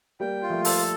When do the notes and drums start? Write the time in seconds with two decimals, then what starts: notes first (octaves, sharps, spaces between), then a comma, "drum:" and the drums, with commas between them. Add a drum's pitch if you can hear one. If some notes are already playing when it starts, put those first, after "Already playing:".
0.20 G3 A#3 G5
0.42 F4
0.50 F3 A3
0.65 A4, drum: open hi-hat